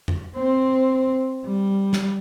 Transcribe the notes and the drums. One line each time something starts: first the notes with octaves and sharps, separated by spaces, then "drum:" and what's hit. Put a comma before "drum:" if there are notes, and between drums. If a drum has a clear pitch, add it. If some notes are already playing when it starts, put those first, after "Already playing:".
drum: tom F2
C4
G3
drum: snare